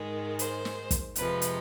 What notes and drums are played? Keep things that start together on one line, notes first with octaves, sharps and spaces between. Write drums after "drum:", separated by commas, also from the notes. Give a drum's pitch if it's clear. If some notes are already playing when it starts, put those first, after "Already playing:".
Already playing: G#2 D#3 G#3
C5, drum: hi-hat
drum: snare
drum: kick, hi-hat
F2 C3 F3 G#3 B4, drum: hi-hat
drum: hi-hat